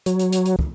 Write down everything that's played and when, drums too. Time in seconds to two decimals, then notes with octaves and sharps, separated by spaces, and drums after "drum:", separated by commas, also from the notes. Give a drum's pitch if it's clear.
0.06 F#3, drum: hi-hat
0.19 drum: hi-hat
0.33 drum: hi-hat
0.46 drum: hi-hat
0.59 drum: kick